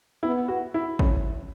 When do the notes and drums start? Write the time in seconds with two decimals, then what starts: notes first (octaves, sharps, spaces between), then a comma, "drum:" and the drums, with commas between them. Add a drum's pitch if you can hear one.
0.23 B3 E4
0.48 F#4
0.74 E4
0.99 C#4, drum: kick